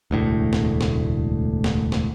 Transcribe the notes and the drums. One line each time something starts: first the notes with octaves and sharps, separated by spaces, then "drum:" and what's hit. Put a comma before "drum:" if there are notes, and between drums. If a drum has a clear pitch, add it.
E1 D2 A2
drum: snare
drum: snare
drum: snare
drum: snare